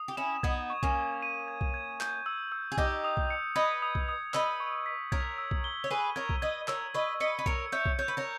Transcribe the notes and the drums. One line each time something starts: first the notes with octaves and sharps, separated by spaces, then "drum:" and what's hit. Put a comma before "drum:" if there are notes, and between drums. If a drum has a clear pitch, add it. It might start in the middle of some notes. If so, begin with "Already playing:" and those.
Already playing: D#6
G4
C#4 E4 E7
B3 D#4 G#6, drum: kick B1
C#6
A#3 C#4, drum: kick B1
C#6
D#7
G#6
drum: kick B1
G#6
G6, drum: clap
E6
E6
G#4
D#4 G4 G6, drum: kick B1
D#6
drum: kick B1
C#7
B4 D#5 G#6
D#6
drum: kick B1
D#6
B4 D#5 E6, drum: clap
C#6
B6
A#4 C#5 G#6, drum: kick B1
E6
drum: kick B1
G7
C#5
G#4 B4 D#7
A#4 C#5 G#6
drum: kick B1
B4 D#5 G#6
A#4 C#5 E6, drum: clap
B4 D#5 C#6
B4 D#5 C#7
B4
A#4 C#5 C#7, drum: kick B1
C#5 E5 G6
drum: kick B1
C#5 G6
B4
A#4 C#5